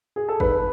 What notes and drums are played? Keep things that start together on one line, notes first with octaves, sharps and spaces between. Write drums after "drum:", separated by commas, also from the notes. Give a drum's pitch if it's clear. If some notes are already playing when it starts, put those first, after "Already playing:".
G#4
A4
G#1 B4, drum: kick